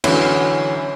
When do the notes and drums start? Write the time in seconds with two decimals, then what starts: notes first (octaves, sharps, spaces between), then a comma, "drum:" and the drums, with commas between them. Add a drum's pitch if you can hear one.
0.04 D3 E3 F#3 C#4 E4, drum: cymbal